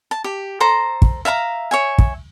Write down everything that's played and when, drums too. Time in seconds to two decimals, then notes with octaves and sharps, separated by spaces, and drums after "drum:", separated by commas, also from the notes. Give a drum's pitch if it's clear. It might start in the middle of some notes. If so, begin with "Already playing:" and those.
0.11 A5
0.24 G4
0.60 A4 C5 A#5
1.02 drum: kick
1.25 E5 F5 A5 A#5
1.71 C#5 E5 G#5
1.98 drum: kick